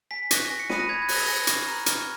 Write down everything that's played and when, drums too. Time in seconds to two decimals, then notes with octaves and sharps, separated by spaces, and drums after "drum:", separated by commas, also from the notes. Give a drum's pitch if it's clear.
0.11 G#5 B6
0.31 C#6 F#6 A#6, drum: hi-hat
0.50 G#5 A#6
0.59 C#7
0.70 B5 D#6 F#6 D#7, drum: snare
0.79 A#6
0.89 B5 G#6
1.02 G#6
1.09 F#6, drum: open hi-hat
1.15 A#6
1.27 G#5 A#6
1.47 C#6 F6 A#6, drum: hi-hat
1.67 A#5
1.86 F6, drum: hi-hat